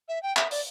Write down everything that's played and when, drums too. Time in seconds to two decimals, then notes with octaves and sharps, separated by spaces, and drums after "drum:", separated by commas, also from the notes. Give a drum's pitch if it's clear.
0.08 E5
0.23 G5
0.37 E5, drum: clap
0.51 D5, drum: open hi-hat